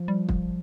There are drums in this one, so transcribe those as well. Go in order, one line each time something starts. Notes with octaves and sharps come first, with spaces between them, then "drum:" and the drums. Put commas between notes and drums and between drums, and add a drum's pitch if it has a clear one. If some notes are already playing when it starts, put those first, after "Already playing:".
Already playing: F3
G3
drum: kick